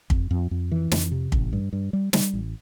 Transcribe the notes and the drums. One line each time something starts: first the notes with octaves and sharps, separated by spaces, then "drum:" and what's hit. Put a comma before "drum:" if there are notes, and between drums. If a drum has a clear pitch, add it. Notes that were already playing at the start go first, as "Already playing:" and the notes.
F2, drum: kick
F2
F2
E3
F2, drum: snare
C3
A1, drum: kick
G2
G2
G3
G3, drum: snare
A1